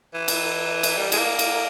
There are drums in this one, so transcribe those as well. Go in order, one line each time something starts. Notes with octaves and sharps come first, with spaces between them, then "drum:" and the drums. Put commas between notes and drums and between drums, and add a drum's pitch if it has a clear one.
E3
drum: cymbal
drum: cymbal
G3
G#3, drum: cymbal
A#3
drum: cymbal